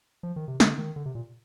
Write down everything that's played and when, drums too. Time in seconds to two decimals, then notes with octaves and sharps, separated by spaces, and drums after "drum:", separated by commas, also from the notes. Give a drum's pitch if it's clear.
0.23 F3
0.36 D#3
0.48 C3
0.60 D3, drum: snare
0.78 D#3
0.96 D3
1.05 C3
1.15 A#2